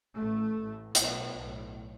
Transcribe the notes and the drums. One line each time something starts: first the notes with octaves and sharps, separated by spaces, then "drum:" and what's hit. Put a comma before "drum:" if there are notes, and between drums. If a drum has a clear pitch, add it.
A1 A2 A3
A1 A2
B1 A2 B3, drum: hi-hat
B1
A2